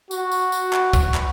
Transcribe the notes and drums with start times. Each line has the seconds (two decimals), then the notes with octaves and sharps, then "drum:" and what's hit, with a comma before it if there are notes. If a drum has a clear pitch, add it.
0.11 F#4, drum: tambourine
0.31 drum: tambourine
0.52 drum: tambourine
0.73 drum: clap
0.93 drum: kick, tambourine
1.14 drum: clap